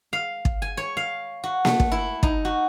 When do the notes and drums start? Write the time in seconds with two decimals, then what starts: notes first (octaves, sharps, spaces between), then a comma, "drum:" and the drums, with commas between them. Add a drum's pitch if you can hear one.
0.13 F5
0.45 drum: kick
0.62 G#5
0.77 C#5
0.97 F5
1.44 F#4
1.65 A3, drum: snare A#3
1.80 drum: kick
1.92 E4
2.23 D#4, drum: kick
2.45 F#4